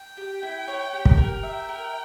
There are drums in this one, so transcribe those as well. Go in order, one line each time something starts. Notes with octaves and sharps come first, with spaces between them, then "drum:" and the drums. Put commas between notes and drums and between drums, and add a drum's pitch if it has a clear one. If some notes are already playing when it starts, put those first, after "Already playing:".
Already playing: G5
G4
E4
C#5
G4
drum: kick
A#4
E5 G5
A#4